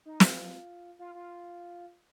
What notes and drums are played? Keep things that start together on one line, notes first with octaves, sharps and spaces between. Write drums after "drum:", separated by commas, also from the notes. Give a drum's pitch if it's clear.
D#4
F4, drum: snare
F4
F4